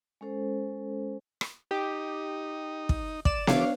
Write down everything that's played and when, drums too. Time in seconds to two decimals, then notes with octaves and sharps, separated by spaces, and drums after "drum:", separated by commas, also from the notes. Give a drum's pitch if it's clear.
0.21 G#3 C#4 A4 C5
1.41 drum: rim click
1.71 D#4 G4
2.89 drum: kick
3.25 D5 E7, drum: kick
3.47 E3 D4 C#5 F5 D6, drum: snare B3